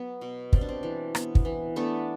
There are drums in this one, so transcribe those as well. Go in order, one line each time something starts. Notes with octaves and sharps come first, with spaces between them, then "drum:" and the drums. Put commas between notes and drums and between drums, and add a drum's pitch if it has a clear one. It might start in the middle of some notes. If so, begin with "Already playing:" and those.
Already playing: F#3 B3
B2
G3 C4, drum: kick
D4
C4
E3
B3, drum: rim click
drum: kick
E3
A3 B3 D4